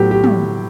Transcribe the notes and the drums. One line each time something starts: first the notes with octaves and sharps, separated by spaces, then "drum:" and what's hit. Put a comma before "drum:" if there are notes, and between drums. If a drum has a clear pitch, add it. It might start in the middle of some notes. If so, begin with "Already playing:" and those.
Already playing: A2 F#3 B3 G4
G4
drum: tom